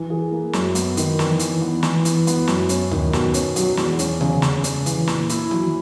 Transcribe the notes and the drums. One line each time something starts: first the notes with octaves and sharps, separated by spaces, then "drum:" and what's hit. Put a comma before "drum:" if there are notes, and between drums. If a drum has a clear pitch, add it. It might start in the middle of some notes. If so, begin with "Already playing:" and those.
Already playing: E3
G#4
A#3
F#2, drum: snare
B3, drum: hi-hat
D#3, drum: hi-hat
E3, drum: snare
E3, drum: hi-hat
B3
E3, drum: snare
E3, drum: hi-hat
B3, drum: hi-hat
F#2, drum: snare
C#4, drum: hi-hat
D#3, drum: tom D2
B2, drum: snare
C#4, drum: hi-hat
F#3, drum: hi-hat
E2, drum: snare
C#4, drum: hi-hat
C#3, drum: tom D#3
C#3, drum: snare
C#3, drum: hi-hat
E3, drum: hi-hat
A#2, drum: snare
E4, drum: hi-hat
F#3, drum: tom D#3